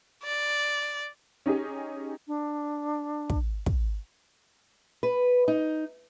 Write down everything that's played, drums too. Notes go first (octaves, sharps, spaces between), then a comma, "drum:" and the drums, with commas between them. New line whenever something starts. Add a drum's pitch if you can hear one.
D5
C#4 D#4 G4 G#4
D4
drum: kick
drum: kick
B4
D#4